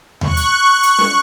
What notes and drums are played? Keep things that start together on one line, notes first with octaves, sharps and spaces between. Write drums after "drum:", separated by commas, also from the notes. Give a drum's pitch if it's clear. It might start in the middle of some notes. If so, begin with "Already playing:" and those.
C#6 F#6, drum: tom D#2
drum: hi-hat
drum: hi-hat
drum: snare